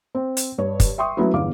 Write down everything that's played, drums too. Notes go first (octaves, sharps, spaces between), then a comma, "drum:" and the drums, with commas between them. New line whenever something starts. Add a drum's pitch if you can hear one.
C4
drum: hi-hat
G2 C#5
drum: kick, hi-hat
E5 G5 C6 C#6 D#6
F#3 A3 B3 C#4 E4
G1 E2 F5 D6